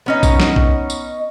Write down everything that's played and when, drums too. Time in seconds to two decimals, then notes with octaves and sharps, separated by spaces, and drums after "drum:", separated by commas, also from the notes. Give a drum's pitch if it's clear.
0.06 B3 C#4 D#4
0.23 drum: kick, tambourine
0.40 drum: snare
0.56 drum: kick
0.90 drum: tambourine